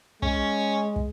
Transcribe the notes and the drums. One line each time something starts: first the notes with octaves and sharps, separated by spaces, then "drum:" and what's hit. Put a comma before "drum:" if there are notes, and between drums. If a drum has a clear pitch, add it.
G#3 C#4, drum: kick
drum: kick